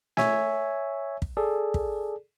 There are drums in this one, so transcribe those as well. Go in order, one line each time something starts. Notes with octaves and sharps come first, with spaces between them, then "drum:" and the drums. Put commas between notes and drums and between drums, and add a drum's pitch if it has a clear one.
C#5 E5 G#5, drum: snare
drum: kick
G#4 A4 D5
drum: kick